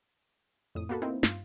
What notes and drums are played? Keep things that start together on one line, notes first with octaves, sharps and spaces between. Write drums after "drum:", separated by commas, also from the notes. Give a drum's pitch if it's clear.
F2 A2 D#6
A#3 B3 F#4 A4 B4
A#3 C4 D#4 E4
G2 F4, drum: snare